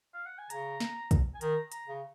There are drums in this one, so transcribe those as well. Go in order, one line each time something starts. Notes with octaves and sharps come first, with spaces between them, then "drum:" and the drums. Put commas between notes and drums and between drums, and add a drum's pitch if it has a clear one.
F5
F#5
G#5
C#3 A#5, drum: hi-hat
drum: snare
drum: kick, hi-hat
G#5
D#3 A#5, drum: hi-hat
A#5, drum: hi-hat
C#3